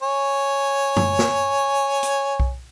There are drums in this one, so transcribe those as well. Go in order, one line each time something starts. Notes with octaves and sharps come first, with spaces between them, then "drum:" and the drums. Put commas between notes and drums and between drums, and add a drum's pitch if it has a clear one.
C#5 G#5
drum: tom
drum: snare
drum: hi-hat
drum: kick B1